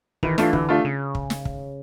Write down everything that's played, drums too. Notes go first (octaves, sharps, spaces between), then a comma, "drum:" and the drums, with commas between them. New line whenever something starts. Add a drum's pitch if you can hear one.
D#3 E3, drum: kick
E3 A3 D4 F4, drum: snare
D3 E3, drum: kick
A3 D4 F4
C#3
drum: kick
drum: snare
drum: kick